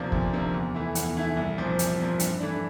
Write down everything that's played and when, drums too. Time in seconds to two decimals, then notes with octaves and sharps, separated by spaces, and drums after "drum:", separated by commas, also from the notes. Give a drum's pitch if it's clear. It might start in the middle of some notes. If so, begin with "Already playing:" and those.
Already playing: D2 C3 F3 A#3 D4
0.12 D2, drum: kick
0.33 C3 F3 A#3 D4
0.54 E2
0.74 E3 A3 E4
0.95 E2, drum: hi-hat
1.17 E3 A3 E4
1.37 C2
1.58 A#2 F3 C4
1.79 C2, drum: hi-hat
1.99 A#2 F3 C4
2.19 G2, drum: hi-hat
2.40 E3 A3 D4